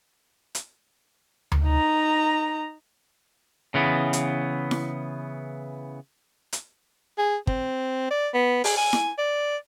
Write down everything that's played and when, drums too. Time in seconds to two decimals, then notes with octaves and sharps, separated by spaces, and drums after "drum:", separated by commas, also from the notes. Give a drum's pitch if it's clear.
0.55 drum: hi-hat
1.52 drum: tom D2
1.66 D#4 A#5
3.74 C#3 E3 B3
4.13 drum: hi-hat
4.71 drum: snare E4
6.53 drum: hi-hat
7.18 G#4
7.47 C4, drum: kick
8.10 D5
8.34 B3
8.64 G#4, drum: open hi-hat
8.77 G#5
8.93 drum: snare E4
9.18 D5